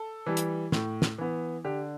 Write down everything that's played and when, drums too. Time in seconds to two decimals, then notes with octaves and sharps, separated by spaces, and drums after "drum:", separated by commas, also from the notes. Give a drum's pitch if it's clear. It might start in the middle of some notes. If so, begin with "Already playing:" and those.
Already playing: A4
0.26 E3 G3
0.37 drum: hi-hat
0.72 A2, drum: snare
1.02 drum: snare
1.18 E3 B3
1.64 D3 G4